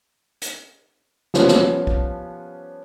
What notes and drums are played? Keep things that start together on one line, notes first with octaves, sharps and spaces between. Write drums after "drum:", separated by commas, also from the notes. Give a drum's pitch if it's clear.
drum: hi-hat
F3 G3 B3 C#4 D4 F4, drum: snare
drum: snare
drum: kick